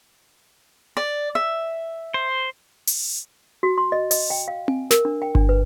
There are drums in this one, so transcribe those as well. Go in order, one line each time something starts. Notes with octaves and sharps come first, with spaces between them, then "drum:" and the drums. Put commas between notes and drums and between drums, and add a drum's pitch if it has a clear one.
D5
E5
C5
drum: open hi-hat
F#4
C6
D#5
D#5, drum: open hi-hat
G5
F5
G#5, drum: tom C4
A#4, drum: snare
D4
G5
D4, drum: kick G1
B4